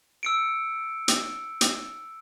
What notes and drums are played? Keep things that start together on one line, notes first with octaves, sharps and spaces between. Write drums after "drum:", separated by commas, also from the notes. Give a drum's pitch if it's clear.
E6 C#7 D7
drum: hi-hat
drum: hi-hat